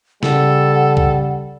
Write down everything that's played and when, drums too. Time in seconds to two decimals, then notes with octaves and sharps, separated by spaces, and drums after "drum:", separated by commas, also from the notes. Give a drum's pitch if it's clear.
0.23 C#3 G3 A4 F#5, drum: snare
0.97 drum: kick C2